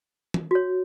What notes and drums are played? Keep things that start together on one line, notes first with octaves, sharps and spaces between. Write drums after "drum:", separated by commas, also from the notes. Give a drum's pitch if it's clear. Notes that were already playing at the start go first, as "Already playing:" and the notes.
drum: tom
F#4 C#5